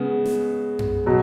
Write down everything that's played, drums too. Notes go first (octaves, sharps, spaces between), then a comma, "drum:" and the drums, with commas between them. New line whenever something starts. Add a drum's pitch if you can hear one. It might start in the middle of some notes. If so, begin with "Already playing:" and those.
Already playing: C#3 G#3 B3
drum: snare
drum: tom F#2
B2 F#3